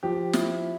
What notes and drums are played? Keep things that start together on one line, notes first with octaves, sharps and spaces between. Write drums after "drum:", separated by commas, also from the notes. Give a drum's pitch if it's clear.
F3 G4
E4, drum: snare